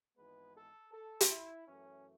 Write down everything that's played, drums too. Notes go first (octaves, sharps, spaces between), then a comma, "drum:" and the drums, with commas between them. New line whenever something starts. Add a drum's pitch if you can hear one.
G#1 G#2 E3 G#3 B3 B4
A4
A4
drum: hi-hat
E4
F#2 E3 A3 C#4